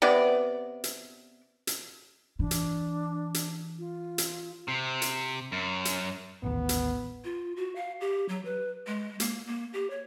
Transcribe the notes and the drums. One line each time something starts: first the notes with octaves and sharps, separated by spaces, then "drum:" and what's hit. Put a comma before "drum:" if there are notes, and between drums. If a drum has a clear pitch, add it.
C3 B3 D5
drum: hi-hat
drum: hi-hat
E3 D4
drum: hi-hat
drum: hi-hat
F4
drum: hi-hat
C3
drum: hi-hat
F#2
drum: hi-hat
A1 D#2 B3
drum: hi-hat
F4
F#4
F5
G4
F#3
B4
G#3
A#3, drum: hi-hat
A#3
G4
C#5